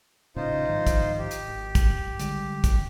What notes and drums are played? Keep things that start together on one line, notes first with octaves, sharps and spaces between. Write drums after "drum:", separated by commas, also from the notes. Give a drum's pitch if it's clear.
A1 A#2 C#3 D#4 F4 C5
G#2 D#3 F3
drum: kick, hi-hat
G4
drum: hi-hat
G#1
drum: kick, hi-hat
D3 G3 G#3, drum: hi-hat
drum: kick, hi-hat